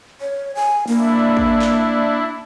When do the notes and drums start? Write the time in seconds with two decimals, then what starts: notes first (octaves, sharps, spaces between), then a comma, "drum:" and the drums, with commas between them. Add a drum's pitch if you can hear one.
0.21 C#5
0.55 G#5
0.88 A#3 D4 E4, drum: open hi-hat
1.37 drum: kick
1.62 drum: clap